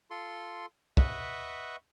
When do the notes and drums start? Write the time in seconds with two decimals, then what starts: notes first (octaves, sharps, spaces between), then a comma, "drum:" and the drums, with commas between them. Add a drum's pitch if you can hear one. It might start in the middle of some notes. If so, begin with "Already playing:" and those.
0.10 F4 A4 C6
0.97 B4 D#5 E5 F#5 C#6, drum: kick